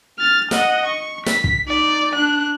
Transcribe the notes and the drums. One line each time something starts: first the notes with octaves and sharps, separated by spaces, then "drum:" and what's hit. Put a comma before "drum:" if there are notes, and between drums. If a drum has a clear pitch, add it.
F6 A6
D#5 F#5, drum: snare
C#6
B6, drum: snare
drum: kick
D#4 D5
D4 F#6